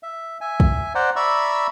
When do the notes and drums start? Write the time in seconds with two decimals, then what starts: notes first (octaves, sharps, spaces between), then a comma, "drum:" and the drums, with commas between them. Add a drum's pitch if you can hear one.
0.03 E5
0.41 E5 G#5
0.60 drum: kick
0.95 C5 D5 F#5 G5 A#5
1.16 D5 E5 A#5 B5 C#6 E6